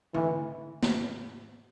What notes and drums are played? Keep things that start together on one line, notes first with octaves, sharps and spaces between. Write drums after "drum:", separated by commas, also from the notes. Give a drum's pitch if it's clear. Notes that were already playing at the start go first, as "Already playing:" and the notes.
E3, drum: tom D3
drum: snare